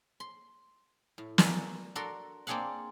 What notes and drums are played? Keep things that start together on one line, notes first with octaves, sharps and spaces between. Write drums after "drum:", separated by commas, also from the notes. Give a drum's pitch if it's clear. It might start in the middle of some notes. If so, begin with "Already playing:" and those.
C6
A2
F#4 A#4 D5 F5 G#5 B5, drum: snare
D4 F#4 A4 A#4 C6
A#3 C4 D4 G#4 F5 F#5